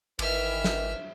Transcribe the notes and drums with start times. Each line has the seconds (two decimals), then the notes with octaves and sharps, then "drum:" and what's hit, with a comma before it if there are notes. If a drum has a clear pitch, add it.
0.19 G#1 D#3 E3 E5 F6, drum: cymbal
0.64 drum: snare